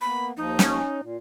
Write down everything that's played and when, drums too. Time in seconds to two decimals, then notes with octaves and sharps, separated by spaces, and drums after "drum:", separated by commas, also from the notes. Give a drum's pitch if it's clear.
0.01 A#3 B3 B5
0.37 D#2 F3 D#4
0.59 C#4, drum: snare
1.02 A#2